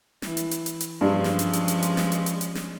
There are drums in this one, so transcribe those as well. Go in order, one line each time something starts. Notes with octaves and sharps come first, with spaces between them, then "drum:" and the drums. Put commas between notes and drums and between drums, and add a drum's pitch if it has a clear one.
E3, drum: snare
drum: hi-hat
drum: hi-hat
drum: hi-hat
drum: hi-hat
G2 F3 G#3 C#4
drum: snare
drum: hi-hat
drum: hi-hat
drum: hi-hat
drum: hi-hat
drum: snare
drum: hi-hat
drum: hi-hat
drum: hi-hat
drum: snare